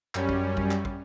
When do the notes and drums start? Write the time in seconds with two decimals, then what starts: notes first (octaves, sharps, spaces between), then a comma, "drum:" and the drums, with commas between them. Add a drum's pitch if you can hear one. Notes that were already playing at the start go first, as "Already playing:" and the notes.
0.15 F#2 G3 C#4, drum: clap
0.29 drum: kick
0.57 drum: kick
0.71 drum: clap
0.85 drum: kick